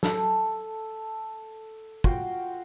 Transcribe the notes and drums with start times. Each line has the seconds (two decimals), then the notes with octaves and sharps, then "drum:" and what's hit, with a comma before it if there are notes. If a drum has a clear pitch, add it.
0.03 A4, drum: snare
2.04 F4 F#4 G5, drum: kick